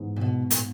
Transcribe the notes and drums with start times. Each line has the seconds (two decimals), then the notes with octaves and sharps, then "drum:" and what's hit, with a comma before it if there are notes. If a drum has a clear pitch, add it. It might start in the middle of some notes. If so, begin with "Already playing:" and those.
Already playing: G#2 E3 G#3 B3
0.16 A#2
0.21 B2
0.51 A#2, drum: hi-hat